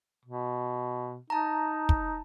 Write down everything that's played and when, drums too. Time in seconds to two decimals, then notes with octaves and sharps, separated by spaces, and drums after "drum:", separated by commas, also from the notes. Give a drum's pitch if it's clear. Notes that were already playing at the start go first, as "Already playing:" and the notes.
0.25 B2
1.30 D#4 A5 A#5
1.89 drum: kick